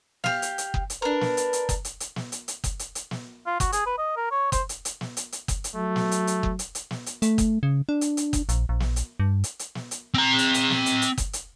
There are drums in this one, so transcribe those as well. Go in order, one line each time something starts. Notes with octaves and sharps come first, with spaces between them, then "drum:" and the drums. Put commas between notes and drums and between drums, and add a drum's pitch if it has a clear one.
G4 F5, drum: snare
drum: hi-hat
drum: hi-hat
drum: kick F#1
drum: hi-hat
D4 A#4 B4
drum: snare
drum: hi-hat
drum: hi-hat
drum: kick F#1, hi-hat
drum: hi-hat
drum: hi-hat
drum: snare
drum: hi-hat
drum: hi-hat
drum: kick F#1, hi-hat
drum: hi-hat
drum: hi-hat
drum: snare
F4
F#4, drum: kick F#1, hi-hat
G#4, drum: hi-hat
B4
D#5
A#4
C#5
C5, drum: kick F#1, hi-hat
drum: hi-hat
drum: hi-hat
drum: snare
drum: hi-hat
drum: hi-hat
drum: kick F#1, hi-hat
drum: hi-hat
F#3 A3
drum: snare
drum: hi-hat
drum: hi-hat
drum: kick F#1
drum: hi-hat
drum: hi-hat
drum: snare
drum: hi-hat
A3, drum: hi-hat
drum: kick F#1, hi-hat
C#3
D4
drum: hi-hat
drum: hi-hat
drum: kick F#1, hi-hat
A#1, drum: hi-hat
A#1
drum: snare
drum: hi-hat
G2
drum: hi-hat
drum: hi-hat
drum: snare
drum: hi-hat
C4 A#5
drum: hi-hat
drum: hi-hat
drum: snare
drum: hi-hat
drum: hi-hat
drum: kick F#1, hi-hat
drum: hi-hat